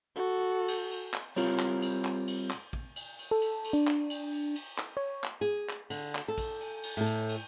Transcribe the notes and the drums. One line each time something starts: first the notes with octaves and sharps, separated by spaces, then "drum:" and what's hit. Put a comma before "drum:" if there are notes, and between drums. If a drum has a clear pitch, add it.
F#4 A4
drum: cymbal
drum: cymbal
drum: clap
G3 C4 F4 A#4 C#5, drum: cymbal
drum: clap
drum: cymbal
drum: clap
drum: cymbal
drum: clap
drum: kick
drum: cymbal
drum: cymbal
A4
drum: cymbal
drum: cymbal
D4
drum: clap
drum: cymbal
drum: cymbal
drum: cymbal
drum: clap
C#5
drum: clap
G#4
drum: clap
D3, drum: cymbal
drum: clap
A4
drum: kick, cymbal
drum: cymbal
drum: cymbal
A2 A4
drum: cymbal
drum: cymbal